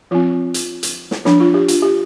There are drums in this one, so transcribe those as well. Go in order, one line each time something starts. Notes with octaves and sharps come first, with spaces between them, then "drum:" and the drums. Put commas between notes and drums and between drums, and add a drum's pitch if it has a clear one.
F3 C4 F4
drum: hi-hat
drum: hi-hat
drum: snare
F3 D4, drum: snare
F4
G4
F4, drum: hi-hat
G4